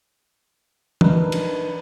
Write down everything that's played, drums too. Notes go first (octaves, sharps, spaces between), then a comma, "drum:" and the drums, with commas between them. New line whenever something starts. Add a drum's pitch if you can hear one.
D4 D#4 A#4 B4, drum: tom
drum: cymbal